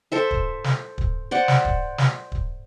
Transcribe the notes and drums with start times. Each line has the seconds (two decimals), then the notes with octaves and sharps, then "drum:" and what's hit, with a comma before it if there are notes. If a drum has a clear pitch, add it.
0.12 A4 C5 E5
0.31 drum: kick
0.64 drum: snare
0.98 drum: kick
1.31 C5 D5 F#5
1.48 drum: snare
1.65 drum: kick
1.98 drum: snare
2.32 drum: kick